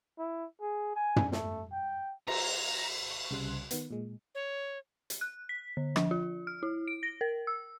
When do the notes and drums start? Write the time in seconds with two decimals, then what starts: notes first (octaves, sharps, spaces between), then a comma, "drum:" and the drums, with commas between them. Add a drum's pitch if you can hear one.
0.18 E4
0.61 G#4
0.96 G#5
1.16 drum: tom
1.32 A3, drum: snare
1.72 G5
2.27 A#5, drum: cymbal
3.11 C#6
3.31 C2 C#3 G3 C6 F#6
3.71 D#3 B3, drum: hi-hat
3.91 A#2 G#3
4.35 C#5
5.10 drum: hi-hat
5.21 F#6
5.49 B6
5.77 D3
5.96 F3, drum: rim click
6.11 F4
6.47 F6
6.63 E4
6.88 D7
7.03 A#6
7.21 A#4
7.47 E6